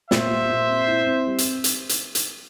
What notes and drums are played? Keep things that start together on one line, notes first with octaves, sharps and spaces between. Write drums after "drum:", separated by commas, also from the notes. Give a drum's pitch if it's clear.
A#2 C5 E5, drum: snare
G3
A#2
C4
E4
C4
G3
drum: hi-hat
drum: hi-hat
drum: hi-hat
drum: hi-hat